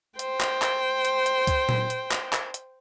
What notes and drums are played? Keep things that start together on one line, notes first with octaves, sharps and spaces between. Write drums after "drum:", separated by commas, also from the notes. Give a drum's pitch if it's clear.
C5 G5, drum: hi-hat
drum: clap
drum: clap
drum: hi-hat
drum: hi-hat
drum: kick C#2, hi-hat
drum: tom A#2
drum: hi-hat
drum: clap
drum: clap
drum: hi-hat